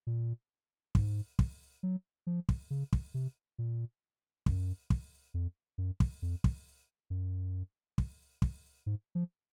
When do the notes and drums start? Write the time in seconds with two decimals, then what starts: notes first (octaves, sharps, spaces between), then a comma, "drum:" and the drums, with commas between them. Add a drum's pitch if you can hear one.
0.07 A#2
0.95 G#2, drum: kick
1.39 drum: kick
1.83 F#3
2.27 F3
2.49 drum: kick
2.70 C#3
2.93 drum: kick
3.14 C3
3.58 A#2
4.46 F#2, drum: kick
4.90 drum: kick
5.34 F2
5.78 F#2
6.00 drum: kick
6.22 F2
6.44 drum: kick
7.10 F#2
7.98 drum: kick
8.42 drum: kick
8.86 G#2
9.15 F3